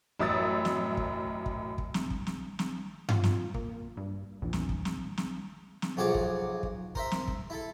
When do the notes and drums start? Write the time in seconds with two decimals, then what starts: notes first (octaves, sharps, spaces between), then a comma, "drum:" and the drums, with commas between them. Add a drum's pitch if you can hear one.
0.19 A1 F#2 E5 D#6 E6 A6
0.65 drum: snare
0.97 drum: kick
1.46 drum: kick
1.78 drum: kick
1.94 drum: snare
2.10 drum: kick
2.27 drum: snare
2.59 drum: snare
3.09 F4, drum: tom G2
3.24 drum: snare
3.54 A#2, drum: kick
3.97 G2
4.42 A#1 E2 E3 D4
4.53 drum: snare
4.69 drum: kick
4.85 drum: snare
5.18 drum: snare
5.82 drum: snare
5.97 B1 F3 F#3 G#4 F#5 D6
6.14 drum: kick
6.63 drum: kick
6.95 A#4 C5 E5, drum: kick
7.11 drum: snare
7.28 drum: kick
7.50 E4 A4